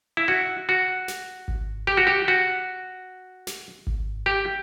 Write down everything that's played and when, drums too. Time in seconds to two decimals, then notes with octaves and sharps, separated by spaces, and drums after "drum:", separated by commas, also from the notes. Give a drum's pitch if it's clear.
0.17 E4
0.28 F#4
0.69 F#4
1.08 drum: snare
1.48 drum: kick G#1
1.87 G4
1.97 F#4
2.07 G4
2.28 F#4
3.47 drum: snare
3.87 drum: kick G#1
4.26 G4